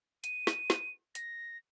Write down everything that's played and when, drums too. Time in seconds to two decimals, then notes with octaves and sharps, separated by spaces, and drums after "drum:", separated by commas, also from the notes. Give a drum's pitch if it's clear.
0.24 D#7, drum: hi-hat
0.47 drum: snare
0.70 drum: snare
1.15 A#6, drum: hi-hat